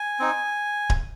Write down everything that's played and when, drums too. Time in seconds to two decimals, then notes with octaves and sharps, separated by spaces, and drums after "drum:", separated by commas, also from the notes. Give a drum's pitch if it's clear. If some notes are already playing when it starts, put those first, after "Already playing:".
Already playing: G#5
0.20 C4 D#4
0.90 drum: kick D1